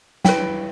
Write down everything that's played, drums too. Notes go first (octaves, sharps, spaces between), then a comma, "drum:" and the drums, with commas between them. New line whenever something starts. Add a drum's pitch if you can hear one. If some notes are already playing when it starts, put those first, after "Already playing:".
E4 B4 G5, drum: snare